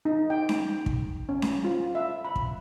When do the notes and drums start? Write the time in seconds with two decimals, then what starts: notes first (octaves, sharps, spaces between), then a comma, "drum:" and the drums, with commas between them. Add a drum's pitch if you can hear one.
0.05 D#4
0.30 G5
0.49 drum: snare C#4
0.86 drum: kick
1.29 C#4
1.42 drum: snare C#4
1.64 F4
1.95 E5
2.25 B5
2.36 drum: kick